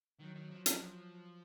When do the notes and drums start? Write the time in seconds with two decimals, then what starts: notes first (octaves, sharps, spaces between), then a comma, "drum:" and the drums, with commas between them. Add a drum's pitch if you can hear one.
0.20 D#3 F#3
0.35 D#3
0.51 F3
0.66 F3, drum: hi-hat